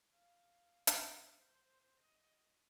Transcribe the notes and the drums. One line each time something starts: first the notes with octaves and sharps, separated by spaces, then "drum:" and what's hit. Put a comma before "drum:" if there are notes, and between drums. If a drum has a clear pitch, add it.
F5
D5, drum: hi-hat
C5
D#5